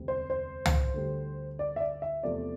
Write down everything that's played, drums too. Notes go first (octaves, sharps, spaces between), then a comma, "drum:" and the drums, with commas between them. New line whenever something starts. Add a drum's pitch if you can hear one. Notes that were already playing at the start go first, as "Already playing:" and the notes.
Already playing: E1 D2 C3 G3 C4
C5
C5
drum: tom
D2 D3 G3
D5
E5
D5
E5
E2 C3 F3 A3 D5